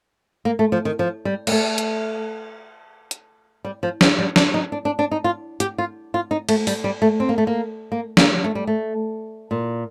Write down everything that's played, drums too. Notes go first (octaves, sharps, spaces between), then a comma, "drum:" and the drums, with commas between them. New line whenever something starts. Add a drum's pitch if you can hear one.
A#3
A3
F3
D#3
F3
G3
A#3, drum: cymbal
A3
drum: hi-hat
drum: hi-hat
G3
F3
F3, drum: snare
G3
D4, drum: snare
D#4
D4
D4
D4
D#4
F4
G4, drum: hi-hat
F4
F4
D#4
A3, drum: cymbal
G3, drum: open hi-hat
G3
A3
C4
A#3
A3
A#3
A#3
A#3, drum: snare
A3
G3
A3
A#2